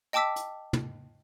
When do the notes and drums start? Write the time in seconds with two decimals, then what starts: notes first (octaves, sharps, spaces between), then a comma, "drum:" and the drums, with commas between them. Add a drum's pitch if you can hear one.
0.13 D#5 G5 A5 D6 E6 B6
0.36 drum: hi-hat
0.73 drum: tom